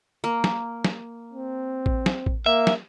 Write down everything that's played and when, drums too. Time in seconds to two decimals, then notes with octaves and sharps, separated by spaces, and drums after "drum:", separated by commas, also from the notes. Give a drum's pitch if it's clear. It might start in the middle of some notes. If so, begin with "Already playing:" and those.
0.24 A#3
0.44 drum: snare
0.85 drum: snare
1.33 C4
1.86 drum: kick A1
2.06 drum: snare
2.26 drum: kick A1
2.46 A#3 E5
2.67 drum: snare